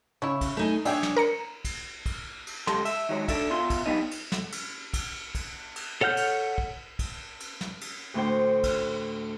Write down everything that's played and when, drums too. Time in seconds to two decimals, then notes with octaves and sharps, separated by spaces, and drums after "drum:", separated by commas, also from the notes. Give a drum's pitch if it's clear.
0.22 C#3 E4 C#5
0.41 drum: kick, cymbal
0.57 A3 D#4 G#5
0.85 D4 G#4 C#5 E5 G5, drum: cymbal
1.03 drum: snare
1.16 A#4 A#5 C#7
1.65 drum: kick, cymbal
2.06 drum: kick, cymbal
2.47 drum: cymbal
2.67 C#2 G4 A4 C6, drum: snare
2.85 E5, drum: cymbal
3.09 D#3 F#3 G#3 C#5
3.28 D4 A4 D5 E5, drum: kick, cymbal
3.51 B2 F4 E5 C6
3.70 drum: kick, cymbal
3.86 F#3 G3 B3 D#4 D#5
4.11 drum: cymbal
4.32 drum: snare
4.52 drum: cymbal
4.94 drum: kick, cymbal
5.35 drum: kick, cymbal
5.76 drum: cymbal
6.01 A4 C#5 F#5 F6 G6
6.17 drum: cymbal
6.58 drum: kick
6.99 drum: kick, cymbal
7.40 drum: cymbal
7.61 drum: snare
7.81 drum: cymbal
8.14 D2 A2 D4 C5 G5
8.64 drum: kick, cymbal